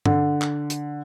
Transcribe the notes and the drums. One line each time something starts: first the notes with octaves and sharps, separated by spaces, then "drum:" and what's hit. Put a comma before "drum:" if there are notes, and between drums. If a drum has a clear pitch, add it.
D3, drum: tom G2
drum: clap
drum: hi-hat